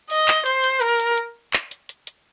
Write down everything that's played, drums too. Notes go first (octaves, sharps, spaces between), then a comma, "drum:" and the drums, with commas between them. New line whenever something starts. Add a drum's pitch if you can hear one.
D#5, drum: open hi-hat
drum: clap
C5, drum: hi-hat
drum: hi-hat
A#4, drum: hi-hat
drum: hi-hat
drum: hi-hat
drum: clap
drum: hi-hat
drum: hi-hat
drum: hi-hat